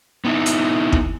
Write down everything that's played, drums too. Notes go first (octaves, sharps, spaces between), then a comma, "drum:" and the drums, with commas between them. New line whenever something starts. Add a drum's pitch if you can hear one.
B3 D#4 E4
drum: hi-hat
drum: kick